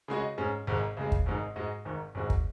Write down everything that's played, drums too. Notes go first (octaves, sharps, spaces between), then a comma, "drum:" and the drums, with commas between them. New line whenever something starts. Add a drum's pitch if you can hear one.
C#3 G#3 F#4 D#5
G#2 G#3 C#4
G#1 G#2 G#3
C#2 C#3 G#3
drum: kick
G#1 G#2 G#3 D#4
G#2 G#3 F#4 D#5
G#1 G#2 D#3
G#1 G#2 G#3 F#4
drum: kick